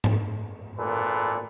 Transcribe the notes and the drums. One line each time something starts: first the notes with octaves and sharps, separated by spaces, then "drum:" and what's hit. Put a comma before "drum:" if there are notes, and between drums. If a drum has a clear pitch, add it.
drum: tom G#2
G#1 A#2 A4 B4